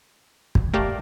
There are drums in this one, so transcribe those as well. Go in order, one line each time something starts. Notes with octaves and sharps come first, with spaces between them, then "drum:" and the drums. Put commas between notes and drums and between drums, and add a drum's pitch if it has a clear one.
drum: kick
A3 G4 A#4 D5 F5